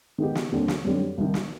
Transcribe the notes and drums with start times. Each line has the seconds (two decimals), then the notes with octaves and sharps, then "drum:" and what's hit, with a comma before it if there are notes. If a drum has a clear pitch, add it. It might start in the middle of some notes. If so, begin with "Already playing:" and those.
0.18 D#3 G#3 B3 D#4 G4
0.35 drum: snare
0.52 D#2 D3 G3 C4
0.68 drum: snare
0.85 F#2 D3 G3 C4
1.18 C2 C3 D#3
1.34 drum: snare